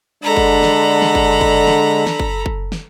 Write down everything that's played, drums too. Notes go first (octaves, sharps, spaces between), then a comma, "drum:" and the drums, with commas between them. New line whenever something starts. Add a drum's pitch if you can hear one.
D3 G#3 D4 A4 A#5 B5
drum: kick F#1
drum: snare
drum: snare
drum: kick F#1
drum: kick F#1
drum: snare
drum: snare
drum: kick F#1
drum: kick F#1
drum: snare